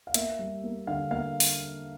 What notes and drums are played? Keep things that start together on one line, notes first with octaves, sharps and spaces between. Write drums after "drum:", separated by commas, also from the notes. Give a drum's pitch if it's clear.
F5
A#3 E5, drum: hi-hat
G3
A#3
D3 F5
A#3 F5
drum: open hi-hat